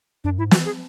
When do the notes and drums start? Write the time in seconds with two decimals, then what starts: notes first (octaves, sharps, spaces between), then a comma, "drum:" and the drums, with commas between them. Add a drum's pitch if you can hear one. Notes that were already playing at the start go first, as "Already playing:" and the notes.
0.24 F#2 D4
0.38 G#2 E4
0.51 E3 F#4, drum: snare
0.65 G#4